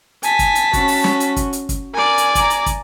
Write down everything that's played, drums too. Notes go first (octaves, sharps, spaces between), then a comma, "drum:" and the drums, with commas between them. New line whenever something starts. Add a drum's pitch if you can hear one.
G#5 A5 B6, drum: hi-hat
drum: kick, hi-hat
drum: hi-hat
C#4 F#4, drum: kick, hi-hat
drum: open hi-hat
drum: snare
drum: hi-hat
drum: kick, hi-hat
drum: hi-hat
drum: kick, hi-hat
A#4 D5 G#5
drum: hi-hat
A#5 D6, drum: kick, hi-hat
drum: hi-hat
drum: kick, hi-hat